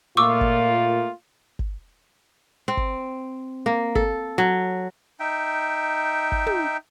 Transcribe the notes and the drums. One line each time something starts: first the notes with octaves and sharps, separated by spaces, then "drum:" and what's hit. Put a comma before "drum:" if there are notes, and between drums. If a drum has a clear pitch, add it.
A#2 A3 A#3 F4 C#6 D6 E6
drum: kick G1
drum: kick G1
C4
drum: kick G1
A#3
A4, drum: kick G1
F#3
D#4 E5 G5
drum: kick G1
drum: tom